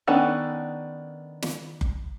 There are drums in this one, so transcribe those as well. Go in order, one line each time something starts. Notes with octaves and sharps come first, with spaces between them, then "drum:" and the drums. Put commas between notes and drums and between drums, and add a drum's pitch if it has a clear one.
D#3 B3 C#4 D4 A4
drum: snare
drum: kick F#1